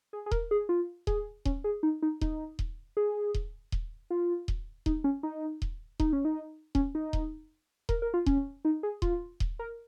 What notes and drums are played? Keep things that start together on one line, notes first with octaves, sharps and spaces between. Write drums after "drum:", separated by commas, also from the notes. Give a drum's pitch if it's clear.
G#4
G#4
A#4, drum: kick D#1
G#4
F4
G#4, drum: kick D#1
C#4, drum: kick D#1
G#4
D#4
D#4
D#4, drum: kick D#1
drum: kick D#1
G#4
drum: kick D#1
drum: kick D#1
F4
drum: kick D#1
D#4, drum: kick D#1
C#4
D#4
drum: kick D#1
D#4, drum: kick D#1
C#4
D#4
C#4, drum: kick D#1
D#4
drum: kick D#1
A#4, drum: kick D#1
A#4
F4
C#4, drum: kick D#1
D#4
G#4
F4, drum: kick D#1
drum: kick D#1
A#4